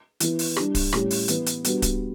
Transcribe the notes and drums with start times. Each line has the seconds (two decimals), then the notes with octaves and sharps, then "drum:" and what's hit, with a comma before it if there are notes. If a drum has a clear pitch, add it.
0.20 E3 B3 E4, drum: hi-hat
0.39 drum: open hi-hat
0.56 G3 D4 G4, drum: rim click
0.75 drum: kick D1, open hi-hat
0.93 A2 G3 C#4 G4, drum: rim click
1.11 drum: open hi-hat
1.28 E3 B3 E4, drum: hi-hat
1.46 drum: hi-hat
1.64 G3 B3 D4 F#4, drum: hi-hat
1.82 drum: kick D1, hi-hat